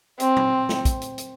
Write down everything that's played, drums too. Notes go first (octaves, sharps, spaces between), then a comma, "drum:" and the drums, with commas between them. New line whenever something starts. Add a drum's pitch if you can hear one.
C4, drum: hi-hat
drum: tom A#2
drum: snare
drum: kick, hi-hat
drum: hi-hat
drum: hi-hat